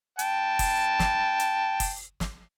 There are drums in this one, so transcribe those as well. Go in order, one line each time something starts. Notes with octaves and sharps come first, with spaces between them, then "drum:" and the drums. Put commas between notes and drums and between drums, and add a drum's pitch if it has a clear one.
G5 A5, drum: hi-hat
drum: kick F#1, open hi-hat
drum: snare
drum: hi-hat
drum: kick F#1, open hi-hat
drum: snare